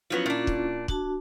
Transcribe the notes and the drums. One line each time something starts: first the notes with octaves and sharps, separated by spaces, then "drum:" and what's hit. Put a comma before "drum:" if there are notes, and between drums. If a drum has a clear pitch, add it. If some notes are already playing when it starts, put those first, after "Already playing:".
F3 F#3 B3 C#4 E4 F4
A#2 D4
drum: kick
D4 F#4 A5, drum: kick